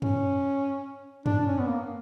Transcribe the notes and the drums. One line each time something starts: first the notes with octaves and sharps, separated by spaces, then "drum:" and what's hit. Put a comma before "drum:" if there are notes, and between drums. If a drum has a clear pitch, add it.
C#4, drum: tom F#2
D4, drum: tom F#2
D4
C#4
B3
A#3